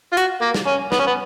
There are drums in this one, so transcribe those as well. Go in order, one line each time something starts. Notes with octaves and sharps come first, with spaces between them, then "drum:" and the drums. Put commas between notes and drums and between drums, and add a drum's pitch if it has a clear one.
F4
F#4, drum: hi-hat
A#3
drum: snare
C#4
B3, drum: snare
C#4
B3